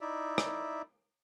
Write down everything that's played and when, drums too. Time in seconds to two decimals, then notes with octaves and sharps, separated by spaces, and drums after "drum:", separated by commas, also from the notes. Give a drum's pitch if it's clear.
0.01 D#4 E4 D5 E5
0.38 drum: rim click